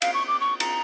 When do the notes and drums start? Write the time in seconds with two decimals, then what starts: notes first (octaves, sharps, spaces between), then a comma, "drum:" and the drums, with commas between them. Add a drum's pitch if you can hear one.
0.02 F5, drum: cymbal
0.14 C#6
0.28 D6
0.41 C#6
0.60 A#5, drum: cymbal